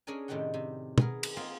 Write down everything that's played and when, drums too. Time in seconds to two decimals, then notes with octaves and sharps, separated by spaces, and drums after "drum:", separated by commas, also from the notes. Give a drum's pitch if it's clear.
0.07 C#4 D4 G#4 A#4 G#5
0.28 A2 C3 D#3 D4 G4 F#5
0.54 C3
0.98 B3 G#4 A#4, drum: tom
1.23 drum: cymbal
1.37 A#3 C4 F4 G#4